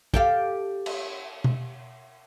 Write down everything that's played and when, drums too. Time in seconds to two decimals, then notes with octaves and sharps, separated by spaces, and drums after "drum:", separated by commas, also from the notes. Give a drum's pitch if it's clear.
0.14 G4 A4 F5, drum: kick
0.86 drum: cymbal
1.44 drum: tom B2